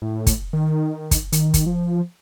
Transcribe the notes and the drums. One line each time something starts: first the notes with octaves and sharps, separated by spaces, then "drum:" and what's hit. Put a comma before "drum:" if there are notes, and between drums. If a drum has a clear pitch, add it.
A2
drum: kick, hi-hat
D#3
drum: kick, hi-hat
D#3, drum: hi-hat
drum: kick, hi-hat
F3